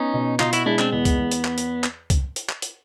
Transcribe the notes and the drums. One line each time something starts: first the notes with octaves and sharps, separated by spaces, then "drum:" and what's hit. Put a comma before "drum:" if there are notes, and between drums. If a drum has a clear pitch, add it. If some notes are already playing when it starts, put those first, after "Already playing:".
Already playing: B3 C#4 D#4
B2
B2 D#4 F4, drum: clap
E4 F#4, drum: hi-hat
G#3 D4 E4
C4 D4, drum: clap
E2 B3
drum: kick C2, hi-hat
E2
drum: hi-hat
drum: clap
drum: hi-hat
drum: clap
drum: kick C2, hi-hat
drum: hi-hat
drum: clap
drum: hi-hat